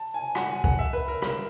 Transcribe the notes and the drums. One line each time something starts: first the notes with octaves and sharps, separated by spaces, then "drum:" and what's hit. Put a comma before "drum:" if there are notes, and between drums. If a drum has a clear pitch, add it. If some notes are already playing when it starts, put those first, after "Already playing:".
Already playing: A5
G#5
F#5, drum: rim click
G#5
F#5, drum: kick
E5
B4
A#4
A#4, drum: rim click